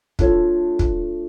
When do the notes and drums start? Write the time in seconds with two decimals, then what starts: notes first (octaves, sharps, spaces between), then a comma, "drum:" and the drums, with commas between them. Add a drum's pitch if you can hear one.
0.19 A3 D4 F4 A4 C#5, drum: kick
0.79 drum: kick